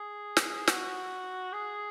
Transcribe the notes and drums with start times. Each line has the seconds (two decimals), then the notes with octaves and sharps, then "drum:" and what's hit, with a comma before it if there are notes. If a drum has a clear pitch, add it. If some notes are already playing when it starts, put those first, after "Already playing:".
Already playing: G#4
0.37 drum: snare
0.67 F#4, drum: snare
1.52 G#4